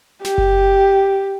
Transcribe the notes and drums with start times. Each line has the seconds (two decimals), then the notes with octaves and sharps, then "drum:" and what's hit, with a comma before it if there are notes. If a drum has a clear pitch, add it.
0.25 G4, drum: snare
0.38 drum: kick F#1